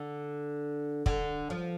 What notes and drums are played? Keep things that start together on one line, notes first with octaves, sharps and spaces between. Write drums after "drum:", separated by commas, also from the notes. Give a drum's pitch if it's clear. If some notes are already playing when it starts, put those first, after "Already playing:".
Already playing: D3
D3, drum: kick
F3